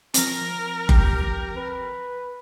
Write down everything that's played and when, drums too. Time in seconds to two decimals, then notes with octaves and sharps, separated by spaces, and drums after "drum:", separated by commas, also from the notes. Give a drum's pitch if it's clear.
0.14 F3 C4 A#4, drum: hi-hat
0.89 G4, drum: kick F#1
1.56 B4